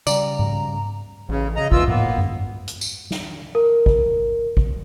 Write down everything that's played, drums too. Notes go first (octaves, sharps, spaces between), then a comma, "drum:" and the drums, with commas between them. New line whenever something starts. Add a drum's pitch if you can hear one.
C#3 G3 D5 A#5, drum: tambourine
drum: tom G#2
A1 C#3
C#3 D#5 A#5
D#2 E3 F4 E6, drum: kick
A2 A#3 B3, drum: tom G#2
drum: tom F#2
drum: hi-hat
drum: tambourine
drum: snare
A#4
drum: kick
drum: kick